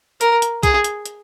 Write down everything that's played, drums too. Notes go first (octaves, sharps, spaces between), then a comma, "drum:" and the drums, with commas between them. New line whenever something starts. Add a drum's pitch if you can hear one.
A#4, drum: hi-hat
drum: hi-hat
G#4, drum: kick, hi-hat
drum: hi-hat
drum: hi-hat